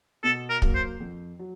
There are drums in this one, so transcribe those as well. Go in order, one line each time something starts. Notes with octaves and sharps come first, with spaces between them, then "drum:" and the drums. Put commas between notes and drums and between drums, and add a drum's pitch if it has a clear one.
B2 A4
A#4
F#3 A#3, drum: kick
C5
F2
F#3